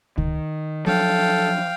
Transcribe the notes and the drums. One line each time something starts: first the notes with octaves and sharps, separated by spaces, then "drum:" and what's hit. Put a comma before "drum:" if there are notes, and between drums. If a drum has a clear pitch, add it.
D#3, drum: kick C#2
F3 F#3 D4 A4 F5 G5